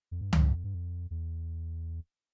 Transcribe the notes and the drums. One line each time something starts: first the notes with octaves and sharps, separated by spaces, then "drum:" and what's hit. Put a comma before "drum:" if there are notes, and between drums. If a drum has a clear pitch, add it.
F2
G2
F2, drum: tom C#2
G2
F2
G2
F2
E2